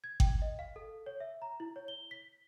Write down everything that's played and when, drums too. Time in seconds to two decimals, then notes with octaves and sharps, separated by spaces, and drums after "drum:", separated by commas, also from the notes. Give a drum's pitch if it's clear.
0.04 G#6
0.20 G5, drum: kick G1
0.42 D#5
0.59 F5
0.76 A4
1.06 C#5
1.20 E5
1.42 A#5
1.60 E4
1.76 C#5
1.88 G7
2.11 B6